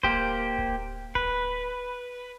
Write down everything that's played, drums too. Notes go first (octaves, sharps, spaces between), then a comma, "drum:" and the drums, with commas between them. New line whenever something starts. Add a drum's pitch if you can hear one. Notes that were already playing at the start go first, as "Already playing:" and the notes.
A#3 G4 C5, drum: kick D1
drum: kick D1
B4, drum: kick D1